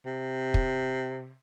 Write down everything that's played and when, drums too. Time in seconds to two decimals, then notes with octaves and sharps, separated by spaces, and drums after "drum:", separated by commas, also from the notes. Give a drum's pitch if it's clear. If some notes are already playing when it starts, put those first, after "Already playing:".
0.05 C3
0.54 drum: kick